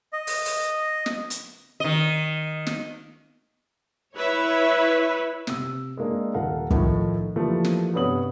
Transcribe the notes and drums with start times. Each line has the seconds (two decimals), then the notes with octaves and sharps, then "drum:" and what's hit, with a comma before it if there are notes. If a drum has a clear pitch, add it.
0.13 D#5
0.27 drum: open hi-hat
0.45 drum: open hi-hat
1.06 drum: snare
1.30 drum: hi-hat
1.80 D#3 D#5
2.67 drum: snare
4.16 E4 B4 C#5 E5
5.47 C3 E6, drum: snare
5.97 G#3 A#3 D4
6.34 D#1 A4 A#4 F5 F#5
6.70 A2 D#3 F3 A3, drum: kick
7.36 E3 F3 G3 A3 A#3
7.65 drum: snare
7.94 G2 C3 B3 C#5 D#6 F#7